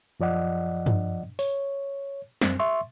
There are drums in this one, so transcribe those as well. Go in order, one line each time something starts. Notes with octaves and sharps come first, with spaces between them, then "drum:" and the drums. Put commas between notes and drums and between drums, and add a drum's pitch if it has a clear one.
F#2 F3 D5 D#5 F#5
drum: tom G2
C#5, drum: open hi-hat
F#2 C4, drum: snare
E5 C6 C#6